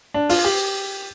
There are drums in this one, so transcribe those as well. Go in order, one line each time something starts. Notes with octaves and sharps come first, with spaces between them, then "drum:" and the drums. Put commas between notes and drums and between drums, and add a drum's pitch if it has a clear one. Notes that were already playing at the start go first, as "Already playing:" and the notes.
D4
F4, drum: open hi-hat
G4